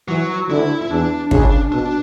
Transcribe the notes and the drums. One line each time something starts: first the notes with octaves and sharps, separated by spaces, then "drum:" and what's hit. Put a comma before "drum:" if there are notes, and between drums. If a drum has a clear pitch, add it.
E3 F#3
D3 E4
E4
E2 D4
C#3 D4, drum: kick
B2 D4